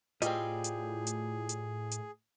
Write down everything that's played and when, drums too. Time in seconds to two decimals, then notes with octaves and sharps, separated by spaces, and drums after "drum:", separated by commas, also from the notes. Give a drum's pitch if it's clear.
0.22 A2 G3 C4 F4 G#4 D#5, drum: hi-hat
0.64 drum: hi-hat
1.07 drum: hi-hat
1.49 drum: hi-hat
1.91 drum: hi-hat